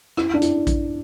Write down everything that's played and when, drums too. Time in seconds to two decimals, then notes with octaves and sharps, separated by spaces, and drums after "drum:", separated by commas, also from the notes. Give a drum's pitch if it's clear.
0.17 E4, drum: rim click
0.34 D4
0.42 E4, drum: hi-hat
0.67 drum: kick A1, hi-hat